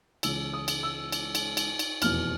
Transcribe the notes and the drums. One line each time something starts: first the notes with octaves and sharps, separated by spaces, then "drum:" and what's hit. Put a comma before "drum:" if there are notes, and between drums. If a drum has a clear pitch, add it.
C#2 C#3 E3 E6, drum: cymbal
D#6
drum: cymbal
E6
drum: cymbal
drum: cymbal
drum: cymbal
drum: cymbal
F1 E2 B2 F6, drum: cymbal